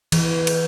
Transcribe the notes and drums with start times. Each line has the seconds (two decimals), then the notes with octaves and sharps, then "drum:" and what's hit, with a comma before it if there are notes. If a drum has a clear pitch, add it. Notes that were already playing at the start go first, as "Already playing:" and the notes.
0.12 E3, drum: cymbal
0.47 drum: cymbal